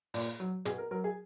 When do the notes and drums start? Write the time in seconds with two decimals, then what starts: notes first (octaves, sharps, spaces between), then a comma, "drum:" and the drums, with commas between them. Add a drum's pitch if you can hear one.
0.14 A#2, drum: open hi-hat
0.40 F#3
0.65 B2 G#4, drum: hi-hat
0.78 A#4
0.91 F#3 A#4
1.04 G#4